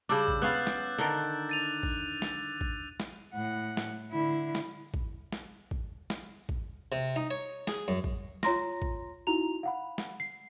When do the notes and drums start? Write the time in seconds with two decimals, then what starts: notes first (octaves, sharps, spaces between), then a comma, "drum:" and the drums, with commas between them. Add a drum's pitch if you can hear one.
0.09 C#3 G3 D4 D6 E6 G6
0.28 drum: kick
0.42 B3 C#4 F5 F#6 A6
0.67 drum: snare
0.98 D3 D#3 A#4
1.49 A6 D#7 F7
1.83 drum: kick
2.22 drum: snare
2.61 drum: kick
3.00 drum: snare
3.35 A2 F#5
3.77 drum: snare
4.12 D3 E4
4.55 drum: snare
4.94 drum: kick
5.32 drum: snare
5.71 drum: kick
6.10 drum: snare
6.49 drum: kick
6.92 C3
7.16 D#4
7.31 C#5
7.67 G#4, drum: snare
7.88 F#2
8.04 drum: kick
8.43 F4 C#5 A#5 C6 A#6, drum: snare
8.82 drum: kick
9.27 D#4 E4 F#4 A#5 F7
9.63 F5 F#5 B5
9.98 drum: snare
10.20 C7